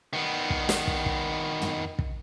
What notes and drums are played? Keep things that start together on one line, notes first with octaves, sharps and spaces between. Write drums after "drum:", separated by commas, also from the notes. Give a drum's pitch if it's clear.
D#3 B3
drum: kick
drum: snare
drum: kick
drum: kick
drum: tom
drum: kick